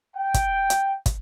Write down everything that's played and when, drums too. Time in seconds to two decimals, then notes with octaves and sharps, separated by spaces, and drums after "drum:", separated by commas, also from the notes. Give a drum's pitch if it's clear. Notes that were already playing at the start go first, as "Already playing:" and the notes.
0.17 G5
0.34 drum: kick, hi-hat
0.70 drum: hi-hat
1.06 drum: kick, hi-hat